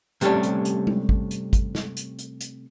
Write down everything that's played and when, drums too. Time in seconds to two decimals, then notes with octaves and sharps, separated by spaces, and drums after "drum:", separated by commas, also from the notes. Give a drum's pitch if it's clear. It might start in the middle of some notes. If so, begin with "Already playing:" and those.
0.21 C3 G3 A3 C#4 D4, drum: hi-hat
0.43 drum: hi-hat
0.65 drum: hi-hat
0.87 drum: tom G#3
1.09 drum: kick G#1
1.31 drum: hi-hat
1.53 drum: kick G#1, hi-hat
1.75 drum: snare
1.97 drum: hi-hat
2.19 drum: hi-hat
2.41 drum: hi-hat